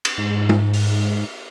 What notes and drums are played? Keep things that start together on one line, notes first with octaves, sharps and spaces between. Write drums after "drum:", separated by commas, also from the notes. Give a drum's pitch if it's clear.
drum: cymbal
G#2
drum: tom G#3
drum: open hi-hat